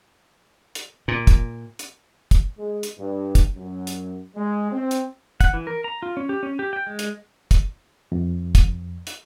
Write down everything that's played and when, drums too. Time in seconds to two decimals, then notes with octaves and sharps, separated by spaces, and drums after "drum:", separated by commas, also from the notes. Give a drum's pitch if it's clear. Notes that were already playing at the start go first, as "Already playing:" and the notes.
0.75 drum: hi-hat
1.08 A#2
1.27 drum: kick, hi-hat
1.79 drum: hi-hat
2.31 drum: kick, hi-hat
2.58 G#3
2.83 drum: hi-hat
2.98 G2
3.35 drum: kick, hi-hat
3.56 F#2
3.87 drum: hi-hat
4.36 G#3
4.72 C4
4.91 drum: hi-hat
5.40 F#5, drum: kick, hi-hat
5.54 E3
5.67 A#4
5.84 A#5
6.02 F4
6.17 C#4
6.29 G4
6.43 C#4
6.59 G4
6.73 G5
6.87 G#3
6.99 drum: hi-hat
7.51 drum: kick, hi-hat
8.12 F2
8.55 drum: kick, hi-hat
9.07 drum: hi-hat